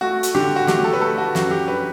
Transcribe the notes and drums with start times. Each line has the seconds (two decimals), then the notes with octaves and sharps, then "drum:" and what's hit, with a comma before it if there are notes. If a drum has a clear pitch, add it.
0.01 A3 F#4
0.23 drum: hi-hat
0.35 D3 G4
0.56 F#4
0.67 A3 G4, drum: snare
0.84 A4
0.93 B4
1.01 A3 A4
1.18 F#4
1.35 F#2 F#4, drum: snare
1.51 G4
1.68 D4 B4